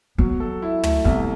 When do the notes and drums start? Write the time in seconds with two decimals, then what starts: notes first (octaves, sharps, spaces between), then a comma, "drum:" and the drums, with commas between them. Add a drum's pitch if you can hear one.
0.18 F#3 B3
0.40 A4
0.62 E4
0.83 A3, drum: tom
1.05 C2 B3